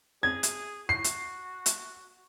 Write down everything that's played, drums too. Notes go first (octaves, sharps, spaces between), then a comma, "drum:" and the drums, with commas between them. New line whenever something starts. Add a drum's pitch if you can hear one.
G#4 G#6
drum: hi-hat
F#4 C7
drum: hi-hat
drum: hi-hat